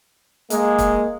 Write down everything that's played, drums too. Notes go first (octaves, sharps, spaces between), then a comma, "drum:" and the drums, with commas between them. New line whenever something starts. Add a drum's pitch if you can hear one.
G#3 A#3, drum: hi-hat
drum: kick, hi-hat